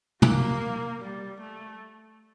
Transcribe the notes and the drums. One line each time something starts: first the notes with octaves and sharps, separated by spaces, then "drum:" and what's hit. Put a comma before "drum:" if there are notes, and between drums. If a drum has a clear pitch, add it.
A#3, drum: tom
G3
A3